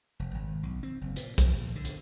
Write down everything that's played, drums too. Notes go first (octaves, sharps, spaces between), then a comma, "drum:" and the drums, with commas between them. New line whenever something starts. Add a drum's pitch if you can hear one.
F1
G#1
B1
C4
F#1
A#2, drum: hi-hat
F3, drum: kick, hi-hat
A#1
D3
drum: hi-hat